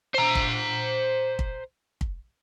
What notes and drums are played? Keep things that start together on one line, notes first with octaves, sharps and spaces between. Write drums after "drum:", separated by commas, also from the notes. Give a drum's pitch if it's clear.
C5 A#5
drum: kick
drum: kick
drum: kick